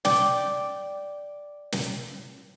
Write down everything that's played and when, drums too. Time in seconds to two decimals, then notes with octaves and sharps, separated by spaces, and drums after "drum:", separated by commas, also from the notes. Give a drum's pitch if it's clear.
0.05 D5 G5, drum: snare
1.72 drum: snare